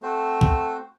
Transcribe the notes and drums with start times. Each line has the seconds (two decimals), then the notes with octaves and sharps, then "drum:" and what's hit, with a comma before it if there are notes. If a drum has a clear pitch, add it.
0.03 A3 C4 F#4 C5
0.41 drum: kick B1